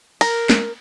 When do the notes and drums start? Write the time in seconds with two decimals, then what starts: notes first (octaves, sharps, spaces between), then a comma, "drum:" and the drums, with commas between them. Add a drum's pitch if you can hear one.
0.21 A#4, drum: cymbal
0.50 drum: snare